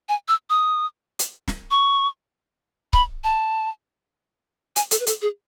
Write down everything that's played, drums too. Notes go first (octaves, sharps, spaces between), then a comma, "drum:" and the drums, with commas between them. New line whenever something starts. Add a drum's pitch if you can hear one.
G#5
E6
D#6
drum: hi-hat
drum: snare
C#6
B5, drum: kick C#1
A5
G#5, drum: hi-hat
A4, drum: hi-hat
B4
A4, drum: hi-hat
G#4